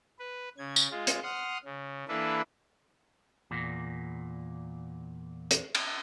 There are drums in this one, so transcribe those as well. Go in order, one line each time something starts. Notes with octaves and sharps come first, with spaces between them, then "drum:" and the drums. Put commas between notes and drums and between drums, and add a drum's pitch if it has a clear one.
B4
C#3 G#6
drum: tambourine
G#3 F4
drum: hi-hat
F#5 C6 D#6 F6
C#3
E3 A#3 D4 E4 A4 B4
E2 A#2
drum: hi-hat
drum: cymbal